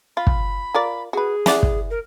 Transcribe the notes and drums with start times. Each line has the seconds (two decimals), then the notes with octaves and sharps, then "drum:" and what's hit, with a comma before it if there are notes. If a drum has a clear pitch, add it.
0.17 F4 B5
0.27 drum: kick
0.74 F4 A#4 D5
1.13 F#4 G#4 B4
1.46 E3 D5 F#5, drum: snare
1.63 drum: kick
1.91 A#4